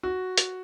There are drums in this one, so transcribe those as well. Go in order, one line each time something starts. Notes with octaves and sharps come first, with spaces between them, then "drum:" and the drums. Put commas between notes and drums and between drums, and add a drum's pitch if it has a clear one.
F#4
drum: hi-hat